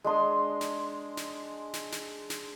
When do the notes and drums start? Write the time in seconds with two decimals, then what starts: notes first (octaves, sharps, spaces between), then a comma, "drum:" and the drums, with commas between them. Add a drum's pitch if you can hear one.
0.04 G#3 D4 C6 D#6
0.61 drum: snare
1.17 drum: snare
1.73 drum: snare
1.92 drum: snare
2.30 drum: snare